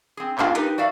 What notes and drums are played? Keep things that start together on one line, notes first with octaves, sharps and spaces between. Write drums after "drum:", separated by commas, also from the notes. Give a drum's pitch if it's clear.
C4 G#4
G#3 A#3 D4 F4 A4 F5, drum: clap
D#4 G4 A#4 B4, drum: hi-hat
F#4 D5 E5 F5